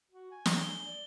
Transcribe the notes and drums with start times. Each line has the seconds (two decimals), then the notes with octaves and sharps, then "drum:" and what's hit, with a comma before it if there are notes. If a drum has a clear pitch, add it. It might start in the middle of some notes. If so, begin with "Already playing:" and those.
0.11 F#4
0.32 G#5
0.46 drum: snare
0.58 G7
0.87 D5